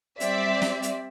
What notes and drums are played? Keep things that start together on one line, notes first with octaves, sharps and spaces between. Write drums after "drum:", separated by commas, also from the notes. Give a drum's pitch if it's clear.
G3 C4 D5 E5, drum: hi-hat
drum: snare
drum: hi-hat